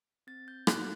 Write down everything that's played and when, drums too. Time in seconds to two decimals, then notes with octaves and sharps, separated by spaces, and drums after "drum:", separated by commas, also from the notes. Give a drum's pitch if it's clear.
0.27 C4 A6
0.48 G6
0.67 D#4 F#4 A4 F#6, drum: rim click